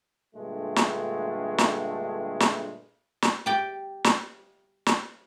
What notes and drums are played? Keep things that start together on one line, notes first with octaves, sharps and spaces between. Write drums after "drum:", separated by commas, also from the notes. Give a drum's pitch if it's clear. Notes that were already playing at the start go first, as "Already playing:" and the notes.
G2 A#2 D3 G#3 A3
drum: snare
drum: snare
drum: snare
drum: snare
G4 D5 G5
drum: snare
drum: snare